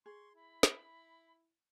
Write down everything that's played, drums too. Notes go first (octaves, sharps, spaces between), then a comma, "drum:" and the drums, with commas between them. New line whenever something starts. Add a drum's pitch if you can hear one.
G#4 C6 C#6
E4 B5
drum: snare